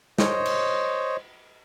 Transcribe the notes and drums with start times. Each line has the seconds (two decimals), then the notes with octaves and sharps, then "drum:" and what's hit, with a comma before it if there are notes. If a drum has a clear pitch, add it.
0.18 C5 C#5 D#5, drum: snare
0.45 drum: cymbal